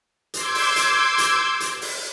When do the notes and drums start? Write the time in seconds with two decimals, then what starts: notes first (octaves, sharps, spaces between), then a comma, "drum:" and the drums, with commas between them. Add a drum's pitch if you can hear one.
0.34 C6 D6 E6 G6 G#6, drum: hi-hat
0.55 drum: open hi-hat
0.76 drum: hi-hat
1.18 drum: hi-hat
1.60 drum: hi-hat
1.81 drum: open hi-hat